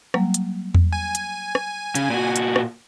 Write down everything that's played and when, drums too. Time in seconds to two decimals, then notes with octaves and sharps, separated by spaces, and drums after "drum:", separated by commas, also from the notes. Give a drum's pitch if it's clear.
0.14 F#3 G3 A#3, drum: rim click
0.34 drum: hi-hat
0.75 drum: tom E2
0.93 G#5
1.15 drum: hi-hat
1.55 drum: rim click
1.95 C#3, drum: hi-hat
2.10 A#2 F#4
2.36 drum: hi-hat
2.56 drum: rim click